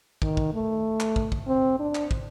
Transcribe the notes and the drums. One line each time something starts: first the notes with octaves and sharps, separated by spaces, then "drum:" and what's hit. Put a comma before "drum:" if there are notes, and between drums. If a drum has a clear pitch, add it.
D#3, drum: kick
drum: kick
A3
drum: clap
drum: kick
drum: kick
C4
D4
drum: clap
drum: kick